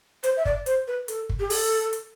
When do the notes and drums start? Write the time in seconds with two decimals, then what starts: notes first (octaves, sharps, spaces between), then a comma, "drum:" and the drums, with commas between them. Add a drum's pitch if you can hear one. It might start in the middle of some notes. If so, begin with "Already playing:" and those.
0.24 C5, drum: hi-hat
0.37 E5
0.45 D5, drum: kick
0.66 C5, drum: hi-hat
0.87 B4
1.08 A4, drum: hi-hat
1.29 drum: kick
1.40 G4
1.50 A4, drum: open hi-hat
1.93 drum: hi-hat